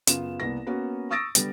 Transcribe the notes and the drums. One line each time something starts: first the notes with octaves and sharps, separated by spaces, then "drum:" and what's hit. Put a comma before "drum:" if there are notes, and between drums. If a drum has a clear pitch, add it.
F#2 C#3 B3 F4 E7, drum: hi-hat
C2 A#3 B3 A#6
A#3 B3 C#4 F#4 B4
C#6 D#6 E6 A6 A#6 D7
D3 G3 B3, drum: hi-hat